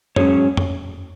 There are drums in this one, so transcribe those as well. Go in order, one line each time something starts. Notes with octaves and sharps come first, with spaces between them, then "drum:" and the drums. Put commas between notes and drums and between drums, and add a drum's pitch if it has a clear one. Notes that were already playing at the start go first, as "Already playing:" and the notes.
G#2 F#3 C#4 G#4 C#5, drum: tom F2
drum: tom F2